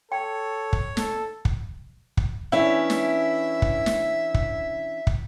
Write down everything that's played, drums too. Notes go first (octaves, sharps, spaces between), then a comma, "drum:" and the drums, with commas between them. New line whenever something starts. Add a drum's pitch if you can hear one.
A4 C#5 G5
drum: kick
A4, drum: snare
drum: kick
drum: kick
E3 C#4 D4 E4 E5
drum: snare
drum: kick
drum: snare
drum: kick
drum: kick